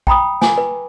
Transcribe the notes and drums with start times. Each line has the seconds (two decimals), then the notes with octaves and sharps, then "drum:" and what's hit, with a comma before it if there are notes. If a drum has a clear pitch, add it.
0.07 G5 A#5 B5 D#6, drum: kick A#1
0.42 G#5 D6, drum: snare
0.58 B4